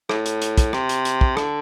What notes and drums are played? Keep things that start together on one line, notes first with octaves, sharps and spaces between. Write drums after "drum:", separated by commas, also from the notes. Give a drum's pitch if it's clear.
A2, drum: rim click
drum: hi-hat
drum: hi-hat
drum: kick, hi-hat
C3, drum: rim click
drum: hi-hat
drum: hi-hat
drum: kick
D3, drum: rim click